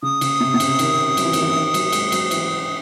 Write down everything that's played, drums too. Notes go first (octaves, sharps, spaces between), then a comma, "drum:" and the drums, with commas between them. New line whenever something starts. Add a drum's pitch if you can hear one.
C#3 D#6
C#3, drum: cymbal
C3
C3
C#3, drum: cymbal
D#3, drum: cymbal
F#3, drum: cymbal
E3
D#3, drum: cymbal
E3
D#3
F#3, drum: cymbal
G#3, drum: cymbal
F#3, drum: cymbal
E3, drum: cymbal